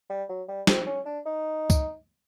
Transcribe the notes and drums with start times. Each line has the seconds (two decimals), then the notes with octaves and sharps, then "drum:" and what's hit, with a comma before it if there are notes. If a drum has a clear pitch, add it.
0.10 G3
0.29 F#3
0.48 G3
0.67 C4, drum: snare
0.86 C#4
1.06 D4
1.25 D#4
1.70 drum: kick, tambourine